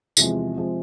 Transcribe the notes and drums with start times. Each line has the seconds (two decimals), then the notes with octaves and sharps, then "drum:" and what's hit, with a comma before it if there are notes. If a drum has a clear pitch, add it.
0.17 E2 C3 F3 G#3, drum: tambourine
0.57 C3 F3 G#3